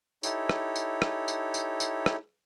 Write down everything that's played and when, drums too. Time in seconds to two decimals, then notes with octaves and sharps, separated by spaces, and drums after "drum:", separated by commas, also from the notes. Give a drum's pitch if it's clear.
0.23 D#4 E4 G4 A4 C#5, drum: tambourine
0.49 drum: rim click
0.76 drum: tambourine
1.02 drum: rim click
1.28 drum: tambourine
1.54 drum: tambourine
1.80 drum: tambourine
2.06 drum: rim click